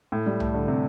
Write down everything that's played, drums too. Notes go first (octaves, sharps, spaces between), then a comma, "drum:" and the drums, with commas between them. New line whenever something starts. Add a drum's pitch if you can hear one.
A2
G3
A3, drum: tom C2
D3
C3